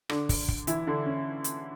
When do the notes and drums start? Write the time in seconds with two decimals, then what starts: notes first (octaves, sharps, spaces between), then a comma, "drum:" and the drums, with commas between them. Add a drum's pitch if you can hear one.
0.09 D3 D4, drum: rim click
0.29 drum: kick, open hi-hat
0.48 drum: kick
0.67 E3 E4, drum: hi-hat
0.87 D3 D4
1.06 C#4
1.44 drum: hi-hat